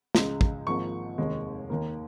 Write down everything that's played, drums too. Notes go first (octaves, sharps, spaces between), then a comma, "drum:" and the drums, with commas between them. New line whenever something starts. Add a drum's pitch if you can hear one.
C#2 C#3 G#3, drum: snare
drum: kick
G#1 G#2 F3 A#3 C#6
F1 D#2 D#3 G#3
D#2 D#3 A#3